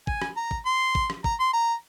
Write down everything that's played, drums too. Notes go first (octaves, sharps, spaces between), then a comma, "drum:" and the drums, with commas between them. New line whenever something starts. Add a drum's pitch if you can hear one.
G#5, drum: kick
drum: rim click
A#5
drum: kick
C6
drum: kick
drum: rim click
A#5, drum: kick
C6
A#5